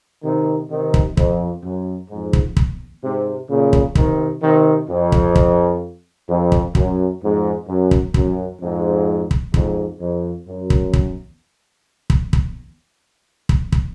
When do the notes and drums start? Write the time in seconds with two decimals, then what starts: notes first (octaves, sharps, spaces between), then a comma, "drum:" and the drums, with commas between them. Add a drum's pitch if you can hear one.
0.24 C3 D#3
0.71 C3 D#3
0.94 drum: kick
1.17 F2, drum: kick
1.63 F#2
2.10 F2 G#2
2.33 drum: kick
2.57 drum: kick
3.03 G#2 C3
3.49 A#2 C#3
3.73 drum: kick
3.95 C3 D#3, drum: kick
4.42 C3 D#3
4.88 F2
5.12 drum: kick
5.35 drum: kick
6.29 F2
6.52 drum: kick
6.75 F#2, drum: kick
7.21 F2 G#2
7.68 F#2
7.91 drum: kick
8.14 F#2, drum: kick
8.60 F2 G#2
9.31 drum: kick
9.54 F2 G#2, drum: kick
10.00 F2
10.47 F#2
10.70 drum: kick
10.93 drum: kick
12.10 drum: kick
12.33 drum: kick
13.49 drum: kick
13.72 drum: kick